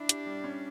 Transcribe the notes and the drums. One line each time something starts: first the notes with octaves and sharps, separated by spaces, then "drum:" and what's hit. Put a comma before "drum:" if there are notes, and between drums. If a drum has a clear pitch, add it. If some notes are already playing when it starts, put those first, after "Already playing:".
Already playing: D4 E4
G4, drum: hi-hat
G3
C#4